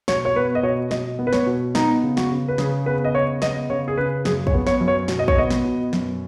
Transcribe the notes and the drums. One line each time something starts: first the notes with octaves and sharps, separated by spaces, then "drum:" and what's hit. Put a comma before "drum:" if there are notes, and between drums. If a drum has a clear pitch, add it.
B2 C#5, drum: snare
C#5
B3 B4
D#5
B2 C#5
B2 D#5, drum: snare
B3
B4
C#5, drum: snare
B2
B3 D#4, drum: snare
C#3
F#4, drum: snare
C#3
B4
C#3 G#4, drum: snare
B3 B4
D#5
C#3 C#5
B3 D#5, drum: snare
C#3 C#5
G#4
C#3 B4
F#2 G#4, drum: snare
C#5, drum: kick
B3
C#5, drum: snare
F#2
C#5
B2, drum: snare
D#5
C#5, drum: kick
B3 D#5
drum: snare
B2
F#2, drum: snare